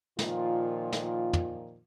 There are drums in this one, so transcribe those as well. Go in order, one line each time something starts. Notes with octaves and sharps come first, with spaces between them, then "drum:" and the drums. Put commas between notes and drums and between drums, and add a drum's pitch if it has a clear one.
A#2 D#3 F3 F4, drum: snare
drum: snare
drum: tom